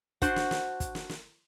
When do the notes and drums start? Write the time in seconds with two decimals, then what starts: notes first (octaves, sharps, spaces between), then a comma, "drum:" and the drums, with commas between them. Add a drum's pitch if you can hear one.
0.22 D4 F#4 C5 F#5, drum: kick, hi-hat
0.36 drum: snare
0.51 drum: snare
0.80 drum: kick, hi-hat
0.95 drum: snare
1.09 drum: snare